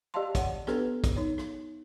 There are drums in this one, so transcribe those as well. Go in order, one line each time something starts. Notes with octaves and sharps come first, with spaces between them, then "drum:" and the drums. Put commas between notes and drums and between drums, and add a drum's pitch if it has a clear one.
G4 D5 D#5 F5 A5 C6
C#5 D5 F#5, drum: kick, hi-hat
B3 D4 G4 A4 B4, drum: rim click
drum: kick, hi-hat
D#4 C#5
drum: rim click